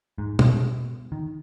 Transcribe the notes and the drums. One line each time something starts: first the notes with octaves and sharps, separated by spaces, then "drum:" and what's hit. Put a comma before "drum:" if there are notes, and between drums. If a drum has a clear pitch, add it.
G#2
B2, drum: tom
D#3